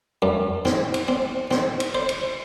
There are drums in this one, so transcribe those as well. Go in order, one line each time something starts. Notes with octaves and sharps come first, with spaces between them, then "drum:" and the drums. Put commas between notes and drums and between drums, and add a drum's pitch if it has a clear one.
F#2
C4, drum: snare
drum: cymbal
C4
C4, drum: snare
drum: cymbal
C5
drum: cymbal